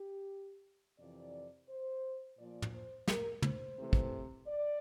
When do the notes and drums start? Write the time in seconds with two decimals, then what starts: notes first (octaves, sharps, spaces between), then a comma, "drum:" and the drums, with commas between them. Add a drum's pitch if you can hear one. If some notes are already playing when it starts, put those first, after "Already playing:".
Already playing: G4
0.98 F2 C3 E3 D5
1.68 C5
2.38 A#2 F3 A#3 D5
2.62 drum: tom
2.73 C5
3.08 A#4, drum: snare
3.42 C5, drum: tom
3.78 C3 E3 A3
3.93 drum: kick
4.47 D5